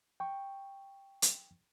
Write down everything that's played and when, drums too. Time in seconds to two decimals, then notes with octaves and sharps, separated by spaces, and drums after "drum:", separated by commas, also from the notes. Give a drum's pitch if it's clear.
0.20 G5 C#6
1.22 drum: hi-hat